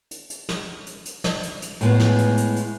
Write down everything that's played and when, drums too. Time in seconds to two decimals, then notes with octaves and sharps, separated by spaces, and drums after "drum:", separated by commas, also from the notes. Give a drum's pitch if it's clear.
0.11 drum: hi-hat
0.30 drum: hi-hat
0.49 drum: snare
0.86 drum: hi-hat
1.05 drum: hi-hat
1.24 drum: snare
1.43 drum: hi-hat
1.62 drum: hi-hat
1.81 A2 G#3 B3, drum: hi-hat
2.00 drum: snare
2.18 drum: hi-hat
2.37 drum: hi-hat
2.56 drum: hi-hat